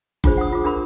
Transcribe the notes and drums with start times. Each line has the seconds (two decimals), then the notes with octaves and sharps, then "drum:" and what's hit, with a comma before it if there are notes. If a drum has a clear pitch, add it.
0.24 D4 F4 G#4 C5, drum: kick F#1
0.37 F#5 D#6
0.52 F4 D6
0.64 D4 G4 A#4 B5